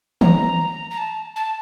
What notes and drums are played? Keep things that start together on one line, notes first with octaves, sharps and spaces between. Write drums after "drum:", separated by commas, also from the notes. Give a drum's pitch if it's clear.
A#5, drum: tom D#3
A#5
A5
A5